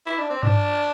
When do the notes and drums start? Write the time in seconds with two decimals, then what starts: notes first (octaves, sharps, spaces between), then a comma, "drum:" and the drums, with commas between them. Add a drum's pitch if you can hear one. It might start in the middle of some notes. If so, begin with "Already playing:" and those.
0.06 E4
0.18 D4
0.30 C4
0.43 D4, drum: tom G2